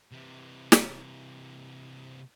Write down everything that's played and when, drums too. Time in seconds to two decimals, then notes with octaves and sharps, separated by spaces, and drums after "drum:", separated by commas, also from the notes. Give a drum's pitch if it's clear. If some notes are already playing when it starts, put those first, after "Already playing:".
0.12 C3 E3
0.72 drum: snare